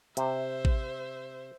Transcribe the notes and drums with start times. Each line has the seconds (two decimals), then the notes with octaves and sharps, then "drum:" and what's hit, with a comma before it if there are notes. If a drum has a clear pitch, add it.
0.17 C3 C5 E5, drum: hi-hat
0.65 drum: kick A1